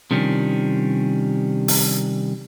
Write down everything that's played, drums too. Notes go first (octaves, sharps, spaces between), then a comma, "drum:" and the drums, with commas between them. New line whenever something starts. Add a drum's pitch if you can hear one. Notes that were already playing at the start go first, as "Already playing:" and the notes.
C3 D#3 F3 G3 C#4 D4
drum: open hi-hat